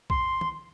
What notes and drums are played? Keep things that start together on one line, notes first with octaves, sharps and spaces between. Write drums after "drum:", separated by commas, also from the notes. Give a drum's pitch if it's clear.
C6, drum: kick
drum: tom